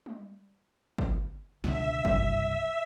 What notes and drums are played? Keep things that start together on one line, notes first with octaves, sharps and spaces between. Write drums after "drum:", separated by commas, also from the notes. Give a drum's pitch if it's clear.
drum: tom G3
drum: kick
C#2 B2 D3 E5, drum: snare
F#1 C2 G2, drum: kick